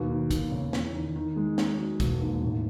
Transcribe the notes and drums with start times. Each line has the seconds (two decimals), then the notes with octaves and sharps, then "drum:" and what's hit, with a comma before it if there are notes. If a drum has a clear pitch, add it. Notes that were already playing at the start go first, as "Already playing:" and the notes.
Already playing: D#2 B2
0.09 D#3
0.31 D#2, drum: kick, hi-hat
0.51 C#3
0.73 E2, drum: snare
0.94 D#3
1.16 D#3
1.36 G#3
1.58 D#3, drum: snare
1.78 F#3
2.00 E1, drum: kick, hi-hat
2.21 D#2
2.42 A1